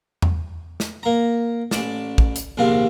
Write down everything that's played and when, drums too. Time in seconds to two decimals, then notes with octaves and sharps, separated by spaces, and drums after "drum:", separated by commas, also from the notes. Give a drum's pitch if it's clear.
0.22 drum: tom E2
0.80 drum: snare
1.03 A#3 A#5
1.71 A1 D5 A5, drum: snare
2.18 drum: kick
2.36 drum: hi-hat
2.57 A#1 D#2 G#2 C3 F4